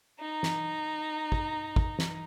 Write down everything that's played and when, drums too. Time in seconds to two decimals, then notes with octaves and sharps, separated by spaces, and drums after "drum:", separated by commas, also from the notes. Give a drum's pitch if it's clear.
0.21 D#4 A#5
0.43 drum: snare
1.32 drum: kick
1.76 drum: kick
1.99 drum: snare